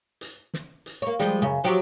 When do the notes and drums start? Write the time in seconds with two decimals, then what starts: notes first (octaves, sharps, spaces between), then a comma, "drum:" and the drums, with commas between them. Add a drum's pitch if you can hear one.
0.21 drum: hi-hat
0.54 drum: snare
0.86 drum: hi-hat
1.02 A#3 C#5
1.19 F3 G3 G#3, drum: snare
1.42 F#2 C#3
1.64 F3 F#3 G4